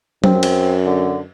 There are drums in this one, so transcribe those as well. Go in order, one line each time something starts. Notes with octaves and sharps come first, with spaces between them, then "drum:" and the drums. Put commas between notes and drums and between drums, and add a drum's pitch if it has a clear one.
F#2 C4, drum: tom F#3
drum: cymbal
D3